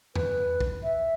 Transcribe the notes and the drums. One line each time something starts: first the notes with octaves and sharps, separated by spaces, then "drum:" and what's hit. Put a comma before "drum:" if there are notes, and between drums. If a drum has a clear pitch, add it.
B4, drum: tom E2
drum: kick
E5